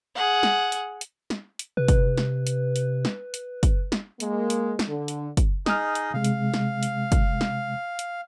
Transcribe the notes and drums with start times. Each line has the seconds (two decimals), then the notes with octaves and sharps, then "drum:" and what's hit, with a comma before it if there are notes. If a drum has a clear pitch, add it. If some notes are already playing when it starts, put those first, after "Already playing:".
0.15 G#4 F#5
0.43 drum: snare
0.72 drum: hi-hat
1.01 drum: hi-hat
1.30 drum: snare
1.59 drum: hi-hat
1.77 C3 B4
1.88 drum: kick, hi-hat
2.18 drum: snare
2.47 drum: hi-hat
2.76 drum: hi-hat
3.05 drum: snare
3.34 drum: hi-hat
3.63 drum: kick, hi-hat
3.92 drum: snare
4.20 G#3 A#3, drum: hi-hat
4.50 drum: hi-hat
4.79 drum: snare
4.88 D3
5.08 drum: hi-hat
5.37 drum: kick, hi-hat
5.66 D#4 G#4 D#5 D#6 F6, drum: snare
5.95 drum: hi-hat
6.14 C3 G#3 F5
6.24 drum: hi-hat
6.54 drum: snare
6.83 drum: hi-hat
7.12 drum: kick, hi-hat
7.41 drum: snare
7.99 drum: hi-hat